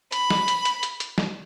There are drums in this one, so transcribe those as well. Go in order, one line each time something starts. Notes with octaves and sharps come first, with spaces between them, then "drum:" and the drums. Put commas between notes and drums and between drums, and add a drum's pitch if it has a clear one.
B5, drum: hi-hat
drum: snare
drum: hi-hat
drum: hi-hat
drum: hi-hat
drum: hi-hat
drum: snare